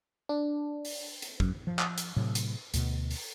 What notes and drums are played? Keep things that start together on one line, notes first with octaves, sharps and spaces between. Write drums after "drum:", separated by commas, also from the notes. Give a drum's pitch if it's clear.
D4
drum: open hi-hat
drum: hi-hat
F#2, drum: kick
F3
drum: clap
drum: hi-hat
A2 C3 F#3
drum: hi-hat
D2 B2, drum: hi-hat
drum: open hi-hat